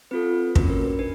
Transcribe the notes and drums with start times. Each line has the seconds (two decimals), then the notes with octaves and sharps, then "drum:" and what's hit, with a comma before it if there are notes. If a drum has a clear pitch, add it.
0.11 C4 F4 A4 B4
0.55 A#3 C#4 F#4 B4, drum: kick
0.70 A#4
0.84 B4
0.99 D4 B4